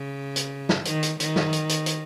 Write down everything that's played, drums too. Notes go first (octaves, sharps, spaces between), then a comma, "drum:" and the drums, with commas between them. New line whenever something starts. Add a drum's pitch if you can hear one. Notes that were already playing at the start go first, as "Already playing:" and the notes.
Already playing: C#3
drum: hi-hat
drum: snare
D#3, drum: hi-hat
drum: hi-hat
D#3, drum: hi-hat
drum: snare
drum: hi-hat
drum: hi-hat
drum: hi-hat